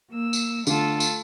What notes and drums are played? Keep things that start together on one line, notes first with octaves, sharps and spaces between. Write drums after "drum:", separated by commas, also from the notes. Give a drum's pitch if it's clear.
A#3 E6
drum: tambourine
D3 A3 F4 A4, drum: tambourine
drum: tambourine